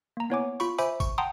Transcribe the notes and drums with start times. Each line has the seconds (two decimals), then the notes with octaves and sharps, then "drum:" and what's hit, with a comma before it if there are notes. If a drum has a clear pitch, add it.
0.17 A#3 A#5
0.30 B3 E4 C#5 F#5 G#5 D6
0.60 F4 B5 C#6, drum: tambourine
0.78 C5 E5 G#5 B5 D6, drum: tambourine
1.00 C#6, drum: kick G#1, tambourine
1.18 F#5 G5 A5 A#5 C6 D#6